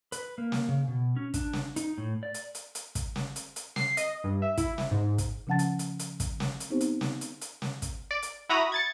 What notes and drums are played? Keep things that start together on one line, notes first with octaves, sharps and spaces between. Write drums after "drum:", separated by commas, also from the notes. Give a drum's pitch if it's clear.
B4, drum: hi-hat
A#3
drum: snare
C#3
B2
C#4
D4, drum: kick, hi-hat
drum: snare
D#4, drum: hi-hat
A2
D5
drum: hi-hat
drum: hi-hat
drum: hi-hat
drum: kick, hi-hat
drum: snare
drum: hi-hat
drum: hi-hat
C7, drum: snare
D#5, drum: hi-hat
G2
E5
E4, drum: kick, hi-hat
drum: snare
G#2
drum: kick, hi-hat
C#3 F3 C#4 F#5 A5 A6
drum: hi-hat
drum: hi-hat
drum: hi-hat
drum: kick, hi-hat
drum: snare
drum: hi-hat
B3 C4 D#4 G4 C5
drum: hi-hat
drum: snare
drum: hi-hat
drum: hi-hat
drum: snare
drum: kick, hi-hat
D5
drum: hi-hat
E4 F#4 A#5 B5 D#6
G#6 A6 C#7